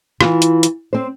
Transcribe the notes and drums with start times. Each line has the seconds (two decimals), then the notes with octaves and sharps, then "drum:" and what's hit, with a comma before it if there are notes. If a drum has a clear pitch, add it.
0.21 E3 F4, drum: rim click
0.42 drum: hi-hat
0.63 drum: hi-hat
0.93 C4 C5